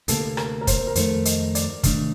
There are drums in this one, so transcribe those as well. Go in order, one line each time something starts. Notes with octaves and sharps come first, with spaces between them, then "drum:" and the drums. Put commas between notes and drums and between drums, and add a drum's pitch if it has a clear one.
D2 C3 G3 A#3 A4, drum: hi-hat
A#4, drum: rim click
A#4
C5, drum: kick, hi-hat
A#4
F2 D#3 A3 C5, drum: hi-hat
D#5, drum: hi-hat
D5, drum: hi-hat
C3 D#3 A3 D4, drum: kick, hi-hat